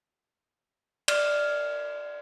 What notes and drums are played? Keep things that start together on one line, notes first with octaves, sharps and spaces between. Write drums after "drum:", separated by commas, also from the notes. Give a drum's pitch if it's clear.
D5 F6, drum: cymbal